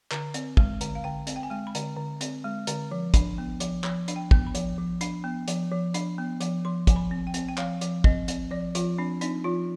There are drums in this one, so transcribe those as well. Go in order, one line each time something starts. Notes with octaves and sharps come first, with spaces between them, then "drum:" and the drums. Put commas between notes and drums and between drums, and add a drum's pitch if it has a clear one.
D3, drum: clap
C4, drum: hi-hat
G#3, drum: kick
D3, drum: hi-hat
F5
D3 G5
C4, drum: hi-hat
G5
G#5
G#3 G5
B5
D3, drum: hi-hat
D3
C4, drum: hi-hat
G#3
D3, drum: hi-hat
F3
D4, drum: kick, hi-hat
B3
F3, drum: hi-hat
F3 B5, drum: clap
D4, drum: hi-hat
G5
B3, drum: kick
B5
F3, drum: hi-hat
F3
D4, drum: hi-hat
B3
F3, drum: hi-hat
F3
D4, drum: hi-hat
B3
F3, drum: hi-hat
F3 C6
F3 G#5, drum: kick, hi-hat
B5
C4
G5
C4, drum: hi-hat
G5
F3 F5, drum: clap
F3, drum: hi-hat
C4 D#5, drum: kick
C4, drum: hi-hat
F3 D5
F3 F4, drum: hi-hat
C4 D4
C4 D#4, drum: hi-hat
F3 F4